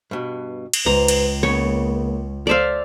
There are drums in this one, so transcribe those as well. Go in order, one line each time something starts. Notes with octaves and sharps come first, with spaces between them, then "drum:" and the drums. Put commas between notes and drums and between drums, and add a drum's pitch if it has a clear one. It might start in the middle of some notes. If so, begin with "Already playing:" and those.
G2 B2
drum: cymbal
C#2 G#2 B4 A#5
drum: cymbal
C#3 A#3 B3 C#5
A4 C5 D5 E5 F5